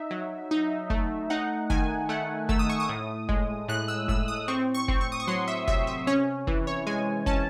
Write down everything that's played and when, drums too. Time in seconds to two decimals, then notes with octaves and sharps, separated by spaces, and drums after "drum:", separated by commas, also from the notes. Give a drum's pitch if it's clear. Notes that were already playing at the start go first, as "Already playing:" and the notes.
Already playing: D#4 E5
0.11 F#3
0.51 D#4
0.90 A3, drum: kick
1.30 D#4 F#5
1.70 D#3 G#5, drum: kick
2.09 A3 F#5
2.49 A3 E6, drum: kick
2.59 D#6
2.69 C#6
2.80 D#6
2.89 A2
3.29 G#3, drum: kick
3.68 A2 F#6
3.88 E6
4.08 A2 E6, drum: kick
4.28 D#6
4.48 C4 C#6
4.74 C#6
4.88 C4, drum: kick
5.01 C#6
5.12 D#6
5.20 C#6
5.27 F#3 C6
5.48 E5
5.68 C3 E5, drum: kick
5.87 E5
6.07 C#4 C#5
6.47 E3, drum: kick
6.67 C#5
6.87 G#3 G#5
7.26 C#4 A5, drum: kick